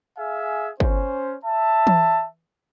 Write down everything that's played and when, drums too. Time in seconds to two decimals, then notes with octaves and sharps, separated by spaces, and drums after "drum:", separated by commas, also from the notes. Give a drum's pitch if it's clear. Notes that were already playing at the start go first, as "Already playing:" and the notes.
0.18 G#4 E5 F5 G#5
0.80 C#4 C5, drum: kick
1.45 E5 A5
1.87 drum: tom E3